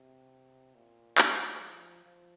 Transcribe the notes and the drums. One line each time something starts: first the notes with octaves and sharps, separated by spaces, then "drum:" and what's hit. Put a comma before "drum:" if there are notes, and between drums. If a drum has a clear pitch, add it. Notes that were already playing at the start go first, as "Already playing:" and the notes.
Already playing: C3
A#2
G#3, drum: clap
F3
F3